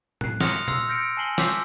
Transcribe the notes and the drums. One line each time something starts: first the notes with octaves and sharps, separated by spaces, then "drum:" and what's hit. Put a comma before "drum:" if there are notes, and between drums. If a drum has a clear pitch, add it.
F#6 C7, drum: tom A2
C6 D#6 F6 A#6 C#7 F7, drum: snare
C6 E6 C7, drum: tom A#2
F6 G6 A#6 C#7 D7
G#5 A5 C7 F#7 G7
C6 D6 E6 G6 B6 C7, drum: snare